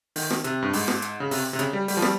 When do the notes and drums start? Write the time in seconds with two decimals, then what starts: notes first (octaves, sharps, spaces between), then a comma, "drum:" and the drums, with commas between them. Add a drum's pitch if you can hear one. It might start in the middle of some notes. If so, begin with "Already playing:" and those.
0.16 D#3, drum: open hi-hat
0.30 drum: rim click
0.44 C3, drum: hi-hat
0.62 G2
0.73 G#2, drum: open hi-hat
0.88 drum: rim click
1.02 drum: hi-hat
1.20 C#3
1.31 C3, drum: open hi-hat
1.53 C3
1.59 C#3, drum: hi-hat
1.73 G3
1.88 G3, drum: open hi-hat
1.97 F3
2.02 G3, drum: rim click